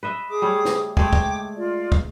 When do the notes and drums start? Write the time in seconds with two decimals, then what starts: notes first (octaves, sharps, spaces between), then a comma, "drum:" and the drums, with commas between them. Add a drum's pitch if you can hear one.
0.03 B4 D#5 E5
0.30 G#4 D6 D#6
0.42 G3 A3 C#5
0.65 drum: snare
0.97 G#3 A3 G#4 G5 D6, drum: kick
1.13 drum: kick
1.57 F4 D5
1.92 drum: kick